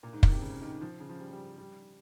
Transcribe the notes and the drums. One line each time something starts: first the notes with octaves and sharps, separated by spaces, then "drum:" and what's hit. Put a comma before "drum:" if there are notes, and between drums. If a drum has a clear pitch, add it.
A#2
G#2
A#2, drum: kick
C3
C#3
D#3
F3
C#3
F3
G3
G3
G3